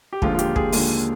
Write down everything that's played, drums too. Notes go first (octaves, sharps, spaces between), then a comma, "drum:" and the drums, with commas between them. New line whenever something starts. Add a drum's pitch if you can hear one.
G4
D#2 D3 F3 G#3 F4, drum: kick
F4
G4, drum: hi-hat
G#4, drum: kick
D#2 D3 F3 G#3, drum: open hi-hat